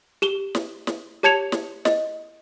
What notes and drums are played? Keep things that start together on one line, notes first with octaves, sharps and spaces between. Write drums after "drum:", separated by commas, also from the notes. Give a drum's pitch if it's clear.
G4 E7 G7
drum: snare
drum: snare
G4 C#5 A5 G#6 C#7 F7
drum: snare
D#5, drum: snare